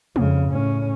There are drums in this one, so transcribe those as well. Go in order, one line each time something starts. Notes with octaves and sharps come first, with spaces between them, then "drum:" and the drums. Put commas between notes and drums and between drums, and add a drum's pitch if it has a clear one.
F2 C#3, drum: tom
A2 C#4